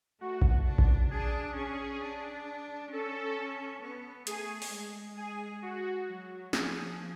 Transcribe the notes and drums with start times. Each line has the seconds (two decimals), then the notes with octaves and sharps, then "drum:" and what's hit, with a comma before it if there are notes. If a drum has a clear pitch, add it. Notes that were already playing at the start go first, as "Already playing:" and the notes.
0.21 A3 F#4
0.42 drum: kick A#1
0.66 D4
0.78 drum: kick A#1
1.11 D4 G#4
1.56 C#4 G#4
2.02 D4
2.91 C#4 A4
3.82 B3
4.27 A3 G#4, drum: hi-hat
4.62 drum: open hi-hat
4.72 G#3
5.17 G#4
5.62 F#4
6.08 F#3
6.53 F3 G#4, drum: snare